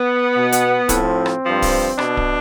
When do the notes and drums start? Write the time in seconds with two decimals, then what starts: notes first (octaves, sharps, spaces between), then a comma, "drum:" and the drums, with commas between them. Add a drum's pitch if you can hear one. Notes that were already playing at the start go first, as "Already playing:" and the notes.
Already playing: B3
0.34 B2
0.52 drum: hi-hat
0.89 A2 F3 C4, drum: kick D1, hi-hat
1.26 drum: rim click
1.44 G2 F3
1.62 drum: kick D1, open hi-hat
1.99 B2 D4, drum: rim click
2.17 drum: kick D1